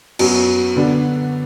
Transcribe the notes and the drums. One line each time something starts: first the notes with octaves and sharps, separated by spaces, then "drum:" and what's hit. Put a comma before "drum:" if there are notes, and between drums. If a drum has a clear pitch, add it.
F#2 F#3 B3, drum: cymbal
D3 B3 D4